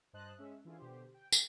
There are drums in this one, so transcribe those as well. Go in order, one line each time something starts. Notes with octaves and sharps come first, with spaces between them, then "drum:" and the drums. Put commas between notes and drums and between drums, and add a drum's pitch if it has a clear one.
G2 C5 D#5 A5 F#6
G#3 C#4 E5
D3 E3 E4 F4 G#4
B2 D3 G4 C5
G5
drum: tambourine